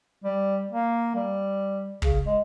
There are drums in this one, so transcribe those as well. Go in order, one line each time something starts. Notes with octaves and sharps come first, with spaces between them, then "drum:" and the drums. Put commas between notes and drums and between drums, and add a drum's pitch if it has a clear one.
G3
A#3
G3
C#3, drum: kick
G#3